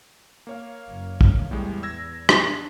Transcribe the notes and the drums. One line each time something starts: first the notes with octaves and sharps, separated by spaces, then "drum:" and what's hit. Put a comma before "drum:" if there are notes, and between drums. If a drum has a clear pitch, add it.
A#3 C#5 F5
F#1
E2, drum: kick
A2 G3 G#3
E6 G#6 A#6
drum: rim click
D4